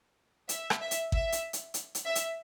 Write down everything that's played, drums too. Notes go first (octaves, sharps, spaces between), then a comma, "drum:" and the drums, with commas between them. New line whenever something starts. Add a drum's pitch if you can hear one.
E5, drum: hi-hat
drum: rim click
E5
drum: hi-hat
E5, drum: kick G#1
drum: hi-hat
drum: hi-hat
drum: hi-hat
drum: hi-hat
E5
drum: hi-hat